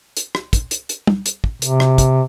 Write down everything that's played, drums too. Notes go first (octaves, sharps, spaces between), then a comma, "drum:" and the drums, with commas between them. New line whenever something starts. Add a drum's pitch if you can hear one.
drum: hi-hat
drum: rim click
drum: kick, hi-hat
drum: hi-hat
drum: hi-hat
drum: tom
drum: hi-hat
drum: kick
C3, drum: hi-hat
drum: rim click
drum: kick, hi-hat